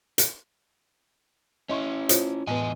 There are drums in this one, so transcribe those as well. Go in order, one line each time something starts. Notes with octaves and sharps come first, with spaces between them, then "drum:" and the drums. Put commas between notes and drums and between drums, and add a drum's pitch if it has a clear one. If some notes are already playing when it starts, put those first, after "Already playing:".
drum: hi-hat
C#4 E4 D#5 C6 C#6
F4 C5 C#5, drum: hi-hat
E2 A2 B3 B4 D#5 G#5